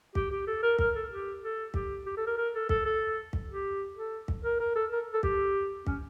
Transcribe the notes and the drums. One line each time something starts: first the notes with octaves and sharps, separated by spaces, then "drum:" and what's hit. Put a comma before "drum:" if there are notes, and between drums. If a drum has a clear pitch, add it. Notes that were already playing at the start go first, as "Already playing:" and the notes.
G4, drum: kick
G4
A4
A#4
A#4, drum: kick
A4
G4
A4
G4, drum: kick
G4
A4
A#4
A#4
A4
A4, drum: kick
A4
drum: kick
G4
A4
drum: kick
A#4
A#4
A4
A#4
A4
G4, drum: kick
C#4, drum: kick